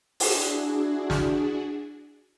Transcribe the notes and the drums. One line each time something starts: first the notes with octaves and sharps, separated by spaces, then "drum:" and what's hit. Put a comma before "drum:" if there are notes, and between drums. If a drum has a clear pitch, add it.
D4 E4 F#4 G#4, drum: open hi-hat
drum: snare